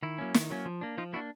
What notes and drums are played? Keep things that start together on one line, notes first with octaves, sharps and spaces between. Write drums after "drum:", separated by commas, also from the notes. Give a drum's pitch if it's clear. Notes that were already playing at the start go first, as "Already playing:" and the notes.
D#3 E4
F#3 A#3 C#4
D#3, drum: snare
F#3 A#3 C#4
F3
A#3 D4
F3 D#4 F4
A#3 D4 E4 F#4